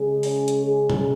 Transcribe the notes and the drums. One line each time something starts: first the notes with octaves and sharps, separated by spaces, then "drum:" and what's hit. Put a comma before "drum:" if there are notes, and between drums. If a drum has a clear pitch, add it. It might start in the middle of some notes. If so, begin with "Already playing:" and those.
Already playing: C#3 G#3 C#4 G#4
drum: open hi-hat
drum: hi-hat
G#4
drum: tom B2